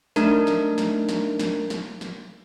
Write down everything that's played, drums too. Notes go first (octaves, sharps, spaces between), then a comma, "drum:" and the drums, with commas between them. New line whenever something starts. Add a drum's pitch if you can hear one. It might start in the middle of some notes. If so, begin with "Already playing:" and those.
A3 D4 D#4 A#4, drum: snare
drum: snare
drum: snare
drum: snare
drum: snare
drum: snare
drum: snare